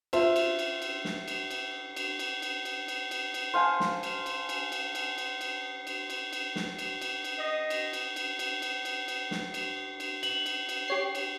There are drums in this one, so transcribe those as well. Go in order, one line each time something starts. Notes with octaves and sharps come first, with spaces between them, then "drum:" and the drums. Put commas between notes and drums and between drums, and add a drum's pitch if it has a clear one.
F4 C5 E5, drum: cymbal
drum: cymbal
drum: cymbal
drum: cymbal
drum: snare
drum: cymbal
drum: cymbal
drum: cymbal
drum: cymbal
drum: cymbal
drum: cymbal
drum: cymbal
drum: cymbal
drum: cymbal
C5 F5 G#5 A5
drum: snare
drum: cymbal
drum: cymbal
drum: cymbal
drum: cymbal
drum: cymbal
drum: cymbal
drum: cymbal
drum: cymbal
drum: cymbal
drum: cymbal
drum: snare
drum: cymbal
drum: cymbal
drum: cymbal
D#5
drum: cymbal
drum: cymbal
drum: cymbal
drum: cymbal
drum: cymbal
drum: cymbal
drum: cymbal
drum: snare
drum: cymbal
drum: cymbal
F#7, drum: cymbal
drum: cymbal
drum: cymbal
G4 C#5 C7
drum: cymbal